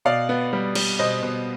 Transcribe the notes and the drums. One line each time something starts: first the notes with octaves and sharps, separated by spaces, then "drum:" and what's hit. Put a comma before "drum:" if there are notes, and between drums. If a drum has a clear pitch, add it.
B2 D5 F5
B3
G3
G3, drum: cymbal
B2 C5 D#5
B2